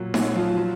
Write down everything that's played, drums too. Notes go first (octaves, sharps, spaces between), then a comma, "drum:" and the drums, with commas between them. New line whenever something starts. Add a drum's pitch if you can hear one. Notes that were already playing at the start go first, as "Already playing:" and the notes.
Already playing: A#2 F#3
F#3 F#4, drum: snare D#4
F3 F4
F#3